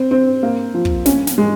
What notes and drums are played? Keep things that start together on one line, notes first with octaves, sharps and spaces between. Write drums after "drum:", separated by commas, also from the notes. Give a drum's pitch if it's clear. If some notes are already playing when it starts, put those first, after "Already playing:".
Already playing: C4
C4
A#3
F3
drum: kick
C#4, drum: snare
drum: snare
G#3